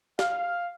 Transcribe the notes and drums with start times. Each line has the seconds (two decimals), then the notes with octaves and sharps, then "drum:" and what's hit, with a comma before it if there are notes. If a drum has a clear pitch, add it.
0.19 F5, drum: snare